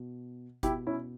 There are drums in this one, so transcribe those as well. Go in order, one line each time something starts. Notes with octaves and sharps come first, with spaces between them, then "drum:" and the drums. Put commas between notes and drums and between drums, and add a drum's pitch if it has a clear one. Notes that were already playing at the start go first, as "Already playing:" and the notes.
Already playing: B2
B2 E4 G4, drum: kick G1, hi-hat
C#4 E4